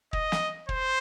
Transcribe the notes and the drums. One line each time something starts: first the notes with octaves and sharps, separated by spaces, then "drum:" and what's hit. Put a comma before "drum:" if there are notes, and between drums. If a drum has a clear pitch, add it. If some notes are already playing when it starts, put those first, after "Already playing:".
D#5, drum: kick
drum: snare
C5, drum: kick